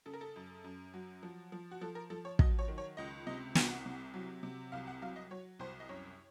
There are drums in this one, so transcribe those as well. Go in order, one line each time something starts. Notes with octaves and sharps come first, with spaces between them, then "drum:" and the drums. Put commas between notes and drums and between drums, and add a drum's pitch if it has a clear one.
C#3 A4
A#4
A4
F#2
F#2
F#3
F3
F3
F#4
F3 A4
A#4
F3 A4
C#5
F#3 D#5, drum: kick
C#5
D#3
C#5
C#2 D#5
C3 D#5
C2 F#5, drum: snare
C3
F#3
C3
C2 F5
F#5
F#3 F5
D#5
F#3 C#5
C2 C5
D#5
F#2 C#5